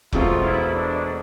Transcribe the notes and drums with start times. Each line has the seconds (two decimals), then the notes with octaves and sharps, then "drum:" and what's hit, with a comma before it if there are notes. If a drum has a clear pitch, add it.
0.13 E1 E2 B2 A3 C4 F4, drum: kick F1
0.43 E4
0.73 D4